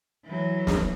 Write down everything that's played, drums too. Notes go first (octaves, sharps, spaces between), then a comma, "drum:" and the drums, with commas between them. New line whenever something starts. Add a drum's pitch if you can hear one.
E3 F#3
drum: snare